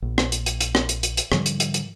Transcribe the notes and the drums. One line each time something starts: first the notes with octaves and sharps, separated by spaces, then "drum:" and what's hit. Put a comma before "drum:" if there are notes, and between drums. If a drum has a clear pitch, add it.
A#1
drum: rim click
drum: hi-hat
drum: hi-hat
drum: hi-hat
drum: rim click
drum: hi-hat
drum: hi-hat
drum: hi-hat
G#2 D3 F3 G3, drum: rim click
drum: hi-hat
drum: hi-hat
drum: hi-hat